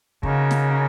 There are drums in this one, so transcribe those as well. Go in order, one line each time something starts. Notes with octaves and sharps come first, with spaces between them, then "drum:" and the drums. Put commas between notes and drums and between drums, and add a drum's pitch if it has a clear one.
C#3 A#3 D#4 F#4 A#4 D#5, drum: kick
drum: snare